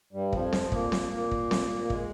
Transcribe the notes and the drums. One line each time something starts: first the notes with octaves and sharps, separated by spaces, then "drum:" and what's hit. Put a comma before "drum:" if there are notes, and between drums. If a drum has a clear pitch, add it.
G2 G3
F2 F3, drum: kick
drum: snare C4
A#2 A#3, drum: kick
drum: snare C4
A#2 A#3
drum: kick
drum: snare C4
A#3
G#3, drum: kick